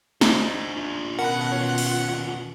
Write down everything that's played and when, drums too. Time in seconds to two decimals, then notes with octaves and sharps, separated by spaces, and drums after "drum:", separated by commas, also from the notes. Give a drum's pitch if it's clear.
0.21 D2 D4 D#4 C5 A#5, drum: snare
0.76 D4 F4
1.19 B2 D#3 B3 C#4 A#4 F#5 A5 B5
1.52 D#2 F4 C#5
1.78 drum: open hi-hat